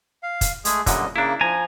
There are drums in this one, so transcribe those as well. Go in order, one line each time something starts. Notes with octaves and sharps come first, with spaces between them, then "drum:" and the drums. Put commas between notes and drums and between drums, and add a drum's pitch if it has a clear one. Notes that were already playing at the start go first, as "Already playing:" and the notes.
F5
drum: kick, hi-hat
G#3 A3 G#4, drum: hi-hat
F#2 A#2 D3 G3 D#5, drum: kick, hi-hat
C#3 A#3 D4 E4
F3 G#5 A#5